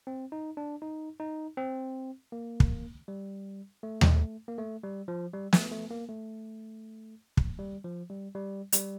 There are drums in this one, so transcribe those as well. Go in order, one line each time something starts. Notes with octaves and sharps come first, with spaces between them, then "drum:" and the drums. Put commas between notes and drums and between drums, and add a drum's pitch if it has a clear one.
C4
D#4
D4
D#4
D#4
C4
A#3
drum: kick
G3
A3
drum: tom D#2
A#3
A3
G3
F3
G3
A3, drum: snare
A3
A#3
A3
drum: kick
G3
F3
G3
G3
G3, drum: hi-hat